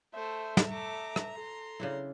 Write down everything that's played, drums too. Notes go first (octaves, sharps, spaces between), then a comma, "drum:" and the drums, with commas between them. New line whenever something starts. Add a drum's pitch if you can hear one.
A3 C5 E5
drum: snare
A3 A#5 D6
drum: rim click
A4 C6
C#3 D4 E4